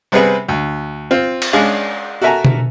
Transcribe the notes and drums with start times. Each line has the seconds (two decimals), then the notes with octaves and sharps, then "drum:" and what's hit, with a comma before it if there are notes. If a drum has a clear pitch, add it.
0.12 C3 G3 B3 C4 G#4 B4
0.48 D2
1.11 C4 F4
1.42 drum: cymbal
1.53 G#3 C#4 D4 G#4 D5 F5
2.22 F#4 A4 A#4 E5 G#5 A#5
2.45 drum: tom B2